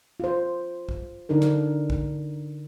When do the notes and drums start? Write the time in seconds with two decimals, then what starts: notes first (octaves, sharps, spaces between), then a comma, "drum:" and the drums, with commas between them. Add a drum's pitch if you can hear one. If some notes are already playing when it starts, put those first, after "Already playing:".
0.20 F4 C5
0.89 drum: kick
1.29 D3 D4 D#4 A#4
1.42 drum: snare
1.90 drum: kick